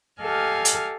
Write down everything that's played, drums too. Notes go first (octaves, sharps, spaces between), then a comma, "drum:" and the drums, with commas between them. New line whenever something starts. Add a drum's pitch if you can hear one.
G4 A4 D#5 F5 G#5 F6
drum: hi-hat